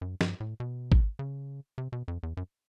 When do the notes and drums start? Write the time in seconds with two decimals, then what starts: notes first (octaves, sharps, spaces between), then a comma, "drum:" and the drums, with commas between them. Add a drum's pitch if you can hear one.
0.01 F#2
0.21 G2, drum: snare
0.40 A2
0.60 B2
0.92 drum: kick
1.19 C#3
1.78 C3
1.92 B2
2.08 F2
2.23 E2
2.37 F#2